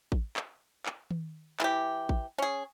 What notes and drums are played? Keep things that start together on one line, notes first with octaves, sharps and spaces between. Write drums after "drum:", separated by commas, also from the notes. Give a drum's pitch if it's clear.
drum: kick A1
drum: clap
drum: clap
drum: tom D#3
E3 G4, drum: clap
drum: kick A1
C#4 G#4